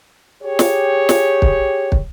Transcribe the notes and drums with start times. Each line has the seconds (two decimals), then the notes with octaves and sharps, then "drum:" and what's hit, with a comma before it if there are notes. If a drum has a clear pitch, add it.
0.42 G4 G#4 C#5
0.59 drum: snare
1.09 drum: snare
1.42 drum: kick
1.92 drum: kick